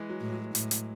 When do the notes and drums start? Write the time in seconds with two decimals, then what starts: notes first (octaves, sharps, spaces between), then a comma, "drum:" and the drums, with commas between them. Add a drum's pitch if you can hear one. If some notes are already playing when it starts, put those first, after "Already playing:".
Already playing: E3 G#3
0.10 F#3
0.21 A2
0.32 F#3
0.55 A2, drum: hi-hat
0.71 drum: hi-hat